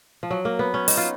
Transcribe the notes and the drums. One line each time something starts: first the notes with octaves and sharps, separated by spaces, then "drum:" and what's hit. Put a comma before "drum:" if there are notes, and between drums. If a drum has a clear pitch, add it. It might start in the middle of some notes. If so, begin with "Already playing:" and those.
F3
F#3
A#3
B3
C#4
D#4, drum: open hi-hat
F4